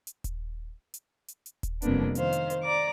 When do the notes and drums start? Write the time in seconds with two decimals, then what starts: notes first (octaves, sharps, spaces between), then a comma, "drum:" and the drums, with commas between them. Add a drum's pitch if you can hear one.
0.07 drum: hi-hat
0.24 drum: kick D#1, hi-hat
0.94 drum: hi-hat
1.28 drum: hi-hat
1.46 drum: hi-hat
1.63 drum: kick D#1, hi-hat
1.82 F2 C3 G3 A#3 B3 D4, drum: hi-hat
2.15 D#3 C5 F5, drum: hi-hat
2.33 drum: hi-hat
2.50 drum: hi-hat
2.62 D5 A#5 D6